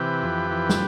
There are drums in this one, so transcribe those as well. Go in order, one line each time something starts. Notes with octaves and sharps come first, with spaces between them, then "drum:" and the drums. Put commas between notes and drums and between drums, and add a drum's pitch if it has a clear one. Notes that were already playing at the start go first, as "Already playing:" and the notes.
Already playing: C3 E3 G4 B4
F2
E3
drum: snare